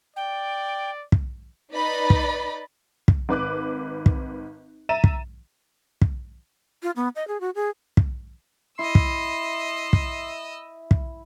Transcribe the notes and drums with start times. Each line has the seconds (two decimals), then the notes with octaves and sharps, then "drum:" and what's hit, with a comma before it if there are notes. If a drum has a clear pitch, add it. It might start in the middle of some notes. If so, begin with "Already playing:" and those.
0.16 D5 G5
1.12 drum: kick
1.72 D#4 B4 D5 D#5 B5
2.10 drum: kick
3.08 drum: kick
3.29 G#1 B4 D6 F#6
4.06 drum: kick
4.89 E5 A#5 A6 D#7 E7
5.04 drum: kick
6.02 drum: kick
6.83 F4
6.96 B3
7.16 D#5
7.28 G#4
7.40 F#4
7.55 G#4
7.97 drum: kick
8.79 E4 D#5 C6 E6
8.95 drum: kick
9.93 drum: kick
10.91 drum: kick